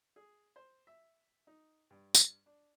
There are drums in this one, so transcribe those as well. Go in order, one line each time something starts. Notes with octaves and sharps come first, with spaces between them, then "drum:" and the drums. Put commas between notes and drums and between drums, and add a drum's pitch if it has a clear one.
G#4
C5
E5
D#4
G2
drum: tambourine
D4